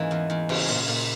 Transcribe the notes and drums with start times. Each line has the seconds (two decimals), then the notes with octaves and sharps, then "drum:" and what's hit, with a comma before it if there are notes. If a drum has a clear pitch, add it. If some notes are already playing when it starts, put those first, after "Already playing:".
Already playing: G#2 E3 G#3 A#3 C#4
0.11 E2
0.30 E2
0.49 C#3, drum: cymbal
0.68 A#2
0.88 A#2